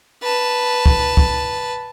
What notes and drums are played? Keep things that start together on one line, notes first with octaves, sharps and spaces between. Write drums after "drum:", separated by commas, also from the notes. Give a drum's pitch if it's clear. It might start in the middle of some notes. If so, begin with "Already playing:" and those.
B4 A5
drum: kick
drum: kick